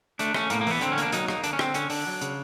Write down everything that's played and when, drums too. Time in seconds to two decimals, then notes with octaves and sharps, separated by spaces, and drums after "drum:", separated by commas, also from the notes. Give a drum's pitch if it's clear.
0.19 A3 D4, drum: hi-hat
0.34 A3 C#4, drum: rim click
0.50 A2 A#3, drum: hi-hat
0.61 A#3
0.67 E3 B3, drum: open hi-hat
0.81 D3 C4, drum: hi-hat
0.92 C#4
0.98 A#3, drum: hi-hat
1.03 D4
1.12 F#3 D#4, drum: hi-hat
1.28 A#3 D#4, drum: rim click
1.44 D3 D4, drum: hi-hat
1.53 C#4
1.59 D3 C4, drum: rim click
1.74 D3 C#4, drum: hi-hat
1.90 D3 D4, drum: open hi-hat
2.07 F#3
2.21 C#3, drum: hi-hat